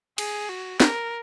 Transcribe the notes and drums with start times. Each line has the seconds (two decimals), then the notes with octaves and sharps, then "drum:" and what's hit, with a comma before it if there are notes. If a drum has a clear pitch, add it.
0.18 G#4, drum: cymbal
0.50 F#4
0.80 A#4, drum: snare